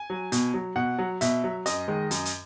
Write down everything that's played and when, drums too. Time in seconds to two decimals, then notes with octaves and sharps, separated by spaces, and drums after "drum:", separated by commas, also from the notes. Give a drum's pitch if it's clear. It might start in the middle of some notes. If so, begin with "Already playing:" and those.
Already playing: G#5
0.10 F#3
0.32 B2, drum: hi-hat
0.54 F#3
0.76 B2 F#5
0.99 F#3
1.21 B2 E5, drum: hi-hat
1.44 F#3
1.66 F#2 D#5, drum: hi-hat
1.88 D#3 G#3
2.11 F#2, drum: hi-hat
2.25 drum: hi-hat